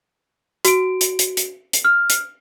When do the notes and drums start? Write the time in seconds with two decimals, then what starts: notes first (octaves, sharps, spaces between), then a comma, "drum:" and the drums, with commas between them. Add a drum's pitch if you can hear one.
0.65 F#4 D7, drum: hi-hat
1.01 drum: hi-hat
1.19 drum: hi-hat
1.37 drum: hi-hat
1.73 drum: hi-hat
1.85 F6
2.10 drum: hi-hat